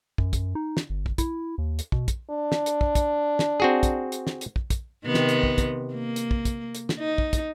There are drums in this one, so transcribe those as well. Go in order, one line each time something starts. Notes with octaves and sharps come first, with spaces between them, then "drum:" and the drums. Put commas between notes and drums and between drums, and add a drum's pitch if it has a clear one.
F#2, drum: kick
drum: kick, hi-hat
D#4
drum: snare
G1
drum: kick
E4, drum: kick, hi-hat
D#2
drum: hi-hat
B2, drum: kick
drum: kick, hi-hat
D4
drum: snare
drum: hi-hat
drum: kick
drum: kick, hi-hat
drum: snare
C4 F#4 G#4
drum: kick, hi-hat
drum: hi-hat
drum: snare
drum: hi-hat
drum: kick
drum: kick, hi-hat
C3 D#3 B3
drum: snare
drum: hi-hat
drum: kick
drum: kick, hi-hat
A#3
drum: hi-hat
drum: kick
drum: kick, hi-hat
drum: hi-hat
drum: snare
D#4
drum: kick
drum: kick, hi-hat